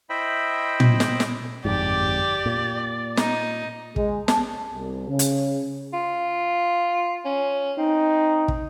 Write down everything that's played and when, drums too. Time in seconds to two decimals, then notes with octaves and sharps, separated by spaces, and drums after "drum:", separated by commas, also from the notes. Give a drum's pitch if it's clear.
0.10 E4 C5 D#5 E5 G5 B5
0.80 drum: tom A#2
1.00 drum: snare
1.20 drum: snare
1.65 G1 F2 G#2 G4 D5
2.46 A#2
3.17 D#4, drum: snare
3.96 G#3, drum: kick
4.28 A5, drum: snare
4.74 C2
5.09 C#3
5.19 drum: hi-hat
5.93 F4
7.25 C#4
7.78 C4 D#4
8.48 drum: kick